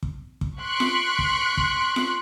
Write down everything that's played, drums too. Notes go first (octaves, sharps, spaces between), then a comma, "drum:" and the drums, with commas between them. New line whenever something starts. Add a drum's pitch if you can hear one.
drum: kick
drum: kick
C6 C#6 F#6 B6 D7
drum: snare F4
drum: kick
drum: kick
drum: snare F4